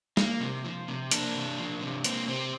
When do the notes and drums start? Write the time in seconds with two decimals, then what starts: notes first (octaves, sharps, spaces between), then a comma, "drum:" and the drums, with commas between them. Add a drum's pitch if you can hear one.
0.17 A#3, drum: snare
0.41 C3
0.65 F3
0.88 C3
1.11 A#3 D4, drum: hi-hat
1.34 C3
1.58 F3
1.81 C3
2.04 A#3 C4, drum: hi-hat
2.28 C3 C4